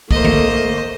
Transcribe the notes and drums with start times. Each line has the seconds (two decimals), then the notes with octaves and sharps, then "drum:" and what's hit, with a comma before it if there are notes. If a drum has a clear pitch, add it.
0.11 A3 A#3 C5 D#5, drum: kick
0.24 drum: tom D3